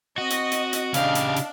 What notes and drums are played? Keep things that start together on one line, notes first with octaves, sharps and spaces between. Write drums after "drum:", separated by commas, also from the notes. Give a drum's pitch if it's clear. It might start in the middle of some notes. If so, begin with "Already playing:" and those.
C4 F#4 D#5
drum: hi-hat
drum: hi-hat
drum: hi-hat
C#3 D4 G4 D#5 F5, drum: hi-hat
drum: hi-hat
drum: hi-hat